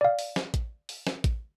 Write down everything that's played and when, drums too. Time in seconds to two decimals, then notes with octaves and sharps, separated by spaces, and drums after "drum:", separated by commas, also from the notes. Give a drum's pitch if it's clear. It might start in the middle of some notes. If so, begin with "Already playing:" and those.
0.01 D5 F5
0.19 drum: open hi-hat
0.36 drum: snare
0.54 drum: kick A1, hi-hat
0.89 drum: open hi-hat
1.07 drum: snare
1.24 drum: kick A1, hi-hat